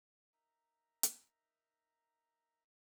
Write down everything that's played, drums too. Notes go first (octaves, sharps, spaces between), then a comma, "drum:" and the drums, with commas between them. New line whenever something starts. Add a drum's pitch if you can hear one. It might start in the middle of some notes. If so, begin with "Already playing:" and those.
D#4 A#4 E5 A#5
drum: hi-hat